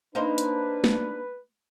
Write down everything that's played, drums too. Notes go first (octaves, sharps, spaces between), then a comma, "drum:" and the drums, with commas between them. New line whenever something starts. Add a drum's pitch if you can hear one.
A#3 D4 D#4 B4 C5
drum: hi-hat
drum: snare